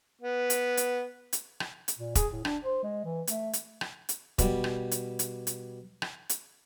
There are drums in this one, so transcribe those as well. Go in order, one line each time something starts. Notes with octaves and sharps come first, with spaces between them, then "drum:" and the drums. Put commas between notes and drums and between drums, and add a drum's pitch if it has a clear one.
B3
drum: hi-hat
drum: hi-hat
drum: hi-hat
drum: rim click
drum: hi-hat
A#2
G#4, drum: kick E1, hi-hat
A2
D4, drum: rim click
C5
G#3
E3
A3, drum: hi-hat
drum: hi-hat
drum: rim click
drum: hi-hat
B2 G3, drum: kick E1, hi-hat
drum: rim click
drum: hi-hat
drum: hi-hat
drum: hi-hat
drum: rim click
drum: hi-hat